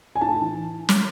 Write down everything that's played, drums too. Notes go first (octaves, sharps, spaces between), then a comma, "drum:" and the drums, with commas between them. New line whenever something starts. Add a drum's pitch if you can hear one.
G#5
A2 A5
E3
drum: snare